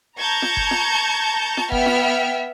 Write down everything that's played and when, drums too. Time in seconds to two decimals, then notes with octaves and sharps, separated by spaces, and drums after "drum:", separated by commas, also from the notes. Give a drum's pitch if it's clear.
0.19 A5 A#5 C#6 G6 G#6
0.42 drum: snare
0.57 drum: kick F#1
0.71 drum: snare
1.57 drum: snare
1.72 B3 E5 G5 F6, drum: kick F#1
1.86 drum: snare